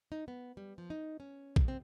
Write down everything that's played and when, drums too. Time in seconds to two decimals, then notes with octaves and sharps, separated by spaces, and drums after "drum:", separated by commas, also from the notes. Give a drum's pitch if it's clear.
0.12 D#4
0.28 B3
0.57 G3
0.78 F3
0.90 D#4
1.20 C#4
1.56 drum: kick A#1
1.68 C4